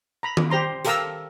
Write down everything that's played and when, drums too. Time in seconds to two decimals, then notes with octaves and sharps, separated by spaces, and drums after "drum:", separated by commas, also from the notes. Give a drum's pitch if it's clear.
0.23 A#5 B5
0.37 drum: tom D#3
0.50 G4 C5 A#5 C6
0.85 G4 A4 A#4 F5 A#5 E6, drum: hi-hat